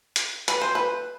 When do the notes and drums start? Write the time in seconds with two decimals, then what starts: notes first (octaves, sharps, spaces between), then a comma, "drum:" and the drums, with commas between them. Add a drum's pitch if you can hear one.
0.16 drum: hi-hat
0.48 B4, drum: hi-hat
0.61 C5
0.75 B4